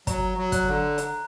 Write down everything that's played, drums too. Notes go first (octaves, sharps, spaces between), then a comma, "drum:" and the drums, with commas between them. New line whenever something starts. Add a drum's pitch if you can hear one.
F#3 A#5, drum: kick, hi-hat
F#3
F#6, drum: kick, hi-hat
D3
A#5, drum: hi-hat